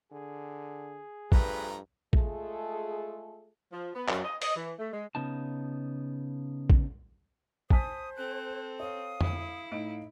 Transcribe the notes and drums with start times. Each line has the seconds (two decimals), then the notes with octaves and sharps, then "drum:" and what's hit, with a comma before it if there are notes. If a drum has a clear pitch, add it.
0.12 D3 G#4
1.32 G2 F3 A3 B4 A#5, drum: kick
2.13 G#3 A3 F4 G#4 A4, drum: kick
3.72 F3
3.94 B3
4.09 F#2, drum: clap
4.24 D#5
4.42 D#5, drum: open hi-hat
4.55 E3
4.79 A3
4.92 G#3
5.15 C#3 B3 D#4 A5
6.70 drum: kick
7.70 C5 G#5 A5 D#6 B6, drum: kick
8.17 C4 A4 F#6
8.80 C#5 F5 D#6
9.21 E4, drum: tom
9.71 A2 D#4 D7